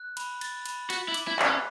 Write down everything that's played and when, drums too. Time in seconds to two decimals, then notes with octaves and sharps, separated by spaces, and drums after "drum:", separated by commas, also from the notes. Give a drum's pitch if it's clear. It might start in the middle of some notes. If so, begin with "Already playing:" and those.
Already playing: F#6
0.17 B5, drum: cymbal
0.41 A6, drum: cymbal
0.66 B5, drum: cymbal
0.90 F#4 B6, drum: cymbal
1.08 E4
1.14 D6, drum: cymbal
1.27 E4
1.39 F#6, drum: clap
1.45 C#4